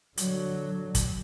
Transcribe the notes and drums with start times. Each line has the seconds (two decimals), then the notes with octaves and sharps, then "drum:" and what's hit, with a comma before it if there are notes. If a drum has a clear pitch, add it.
0.17 D3 F#3, drum: hi-hat
0.95 drum: kick, hi-hat